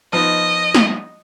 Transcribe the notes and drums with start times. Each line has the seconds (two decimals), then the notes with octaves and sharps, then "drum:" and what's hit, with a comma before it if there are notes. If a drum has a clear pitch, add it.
0.13 F3 B3 D#4 D#5
0.75 drum: snare